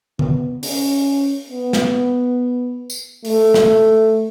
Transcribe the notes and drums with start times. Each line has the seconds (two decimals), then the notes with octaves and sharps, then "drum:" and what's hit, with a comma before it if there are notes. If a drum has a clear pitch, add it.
0.19 B3, drum: tom D3
0.63 C#4, drum: open hi-hat
1.50 B3
1.73 drum: snare
2.90 drum: tambourine
3.25 A3, drum: open hi-hat
3.54 drum: snare